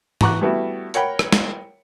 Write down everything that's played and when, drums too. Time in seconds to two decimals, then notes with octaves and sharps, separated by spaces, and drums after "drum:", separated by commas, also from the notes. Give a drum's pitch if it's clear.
0.21 E3 F#5 A#5 C#6 D6 F#6, drum: tom G#2
0.41 G3 A3 B3 E4 F#4
0.94 A#4 C#5 F#5 G5 B5, drum: hi-hat
1.19 drum: rim click
1.32 drum: snare